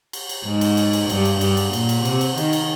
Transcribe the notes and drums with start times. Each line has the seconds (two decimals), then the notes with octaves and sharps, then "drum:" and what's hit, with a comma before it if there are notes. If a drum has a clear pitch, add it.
0.13 drum: cymbal
0.29 drum: cymbal
0.46 G#2
0.61 drum: cymbal
0.77 drum: cymbal
0.93 drum: cymbal
1.10 G2, drum: cymbal
1.25 drum: cymbal
1.41 G2, drum: cymbal
1.57 drum: cymbal
1.73 A#2, drum: cymbal
1.89 drum: cymbal
2.05 C3, drum: cymbal
2.21 drum: cymbal
2.37 D#3, drum: cymbal
2.53 drum: cymbal